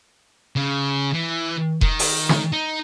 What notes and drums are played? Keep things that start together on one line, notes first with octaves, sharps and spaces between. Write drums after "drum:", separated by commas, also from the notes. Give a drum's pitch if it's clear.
C#3
E3
D#3, drum: kick E1
drum: open hi-hat
drum: snare
D#4